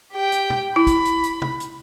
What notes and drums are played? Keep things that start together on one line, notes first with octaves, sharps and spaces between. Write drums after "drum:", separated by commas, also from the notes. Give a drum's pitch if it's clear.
G4 G5
drum: hi-hat
drum: tom B2
E4 B5
drum: kick, hi-hat
drum: hi-hat
drum: hi-hat
drum: tom
drum: hi-hat